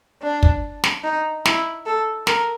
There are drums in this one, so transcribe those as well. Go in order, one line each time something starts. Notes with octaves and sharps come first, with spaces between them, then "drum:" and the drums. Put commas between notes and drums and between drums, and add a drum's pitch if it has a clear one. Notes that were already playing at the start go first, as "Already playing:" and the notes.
D4
drum: kick
drum: snare
D#4
E4, drum: snare
A4
A#4, drum: snare